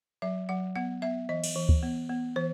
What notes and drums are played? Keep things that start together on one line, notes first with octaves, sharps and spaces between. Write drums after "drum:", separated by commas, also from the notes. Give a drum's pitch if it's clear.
F#3 E5
F#3 F#5
B3 F#5
B3 E5
E3 D#5
drum: cymbal
E3
drum: kick D2
B3
B3
E3 C5